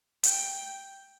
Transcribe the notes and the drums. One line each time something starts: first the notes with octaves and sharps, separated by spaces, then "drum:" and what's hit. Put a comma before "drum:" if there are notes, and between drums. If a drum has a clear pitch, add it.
G5, drum: hi-hat